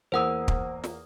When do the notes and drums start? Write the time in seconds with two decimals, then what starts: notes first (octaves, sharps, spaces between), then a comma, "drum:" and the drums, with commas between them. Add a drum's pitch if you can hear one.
0.12 E2 A#3 C5 F#5 D#6 E6
0.48 drum: kick
0.84 drum: snare